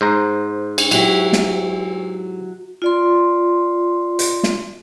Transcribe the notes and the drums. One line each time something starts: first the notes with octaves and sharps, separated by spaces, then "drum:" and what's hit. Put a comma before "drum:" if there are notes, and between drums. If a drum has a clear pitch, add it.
G#2 C5 A#5
drum: cymbal
F#3 E4 G4, drum: cymbal
drum: snare
F4 D5 C6
drum: hi-hat
drum: snare